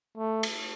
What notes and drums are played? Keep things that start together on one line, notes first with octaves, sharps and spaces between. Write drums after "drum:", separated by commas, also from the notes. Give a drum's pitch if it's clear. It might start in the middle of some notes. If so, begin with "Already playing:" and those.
A3
drum: cymbal